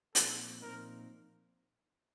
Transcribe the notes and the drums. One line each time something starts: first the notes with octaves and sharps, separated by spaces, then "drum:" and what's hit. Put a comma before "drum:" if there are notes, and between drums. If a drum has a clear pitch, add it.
A#2 F3 C4 D#4 A4, drum: hi-hat
A#2 F3 C4 D#4 A#4